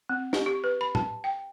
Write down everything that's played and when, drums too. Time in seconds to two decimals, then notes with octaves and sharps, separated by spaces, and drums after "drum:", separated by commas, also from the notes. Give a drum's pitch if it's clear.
0.09 C4
0.33 G4, drum: snare
0.46 G4
0.64 B4
0.81 B5
0.95 A5, drum: tom
1.24 G5